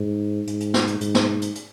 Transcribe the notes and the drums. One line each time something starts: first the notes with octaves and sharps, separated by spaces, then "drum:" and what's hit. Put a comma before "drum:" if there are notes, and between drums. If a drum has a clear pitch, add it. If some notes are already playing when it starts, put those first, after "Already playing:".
Already playing: G#2
G#2, drum: hi-hat
drum: hi-hat
drum: snare
drum: hi-hat
G#2, drum: hi-hat
drum: snare
drum: hi-hat
drum: hi-hat